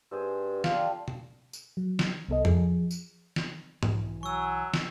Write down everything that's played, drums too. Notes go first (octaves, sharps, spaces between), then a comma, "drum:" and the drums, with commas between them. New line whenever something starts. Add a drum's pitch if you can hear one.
G2 G#4 C5 E6
G3 D4 F4 A4, drum: snare
drum: tom B2
drum: tambourine
F#3
drum: snare
C2 B3 A4 D#5
F3 G#4, drum: tom F2
drum: tambourine
drum: snare
B1 E3, drum: tom G#2
F#3 G#5 C#6 E6
drum: snare